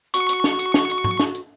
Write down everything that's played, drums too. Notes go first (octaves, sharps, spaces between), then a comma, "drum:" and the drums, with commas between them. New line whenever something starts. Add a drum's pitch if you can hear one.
F#4 C#6, drum: hi-hat
drum: hi-hat
drum: snare
drum: hi-hat
drum: snare
drum: hi-hat
drum: tom G#2
drum: snare
drum: hi-hat